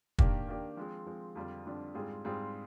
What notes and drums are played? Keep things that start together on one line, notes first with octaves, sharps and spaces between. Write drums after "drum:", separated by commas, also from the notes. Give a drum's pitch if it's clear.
D#3 A#3 D4 G4, drum: kick
D#3 A#3 D4 G4
F3 G#3 C4
F3 G#3 C4
F2 D3 G3 D4 F4
F2 D3 G3 D4 F4
G#2 G3 C4 F4 G#4
G#2 G3 C4 F4 G#4